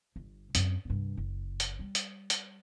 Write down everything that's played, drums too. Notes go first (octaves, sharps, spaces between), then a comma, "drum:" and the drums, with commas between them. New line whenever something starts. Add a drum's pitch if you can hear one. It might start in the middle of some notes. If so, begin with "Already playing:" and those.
G1
F#2 C4, drum: hi-hat
C2 G2
F#1
drum: hi-hat
G3
drum: hi-hat
drum: hi-hat